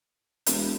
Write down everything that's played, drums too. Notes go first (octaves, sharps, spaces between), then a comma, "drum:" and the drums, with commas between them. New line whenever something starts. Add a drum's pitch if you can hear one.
E1, drum: hi-hat